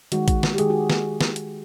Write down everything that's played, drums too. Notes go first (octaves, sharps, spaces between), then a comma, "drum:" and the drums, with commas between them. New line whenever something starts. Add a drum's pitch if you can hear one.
D#3 G#3 F#4, drum: hi-hat
drum: kick A#1, hi-hat
drum: snare
G4
D#3 G#3 G#4, drum: hi-hat
F#4
drum: snare
drum: snare
drum: hi-hat